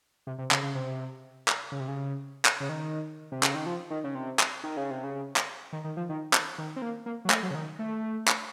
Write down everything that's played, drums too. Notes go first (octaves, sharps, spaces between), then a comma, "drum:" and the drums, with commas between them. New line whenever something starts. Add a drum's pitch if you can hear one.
C3
C3
C#3, drum: clap
C#3
C3
drum: clap
C#3
C3
C#3
drum: clap
C#3
D#3
C3
C#3, drum: clap
D#3
F3
D#3
C#3
C3
drum: clap
D#3
C#3
C3
C#3
drum: clap
D#3
D#3
F3
D#3
drum: clap
D#3
C4
A#3
A#3
F#3
A3, drum: clap
F#3
C#3
D#3
A3
drum: clap